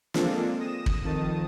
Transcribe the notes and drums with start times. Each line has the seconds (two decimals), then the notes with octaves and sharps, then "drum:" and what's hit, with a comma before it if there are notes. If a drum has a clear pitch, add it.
0.14 G#3 A#3 C4 D4 F4 A4, drum: snare
0.60 D#6 A#6 E7
0.86 drum: kick
1.04 F2 D#3 A5 D#6